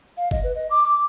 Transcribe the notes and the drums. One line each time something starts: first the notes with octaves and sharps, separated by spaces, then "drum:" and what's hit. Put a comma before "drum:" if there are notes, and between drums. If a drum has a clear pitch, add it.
F5
D#5, drum: kick
B4
D#5
D6
D6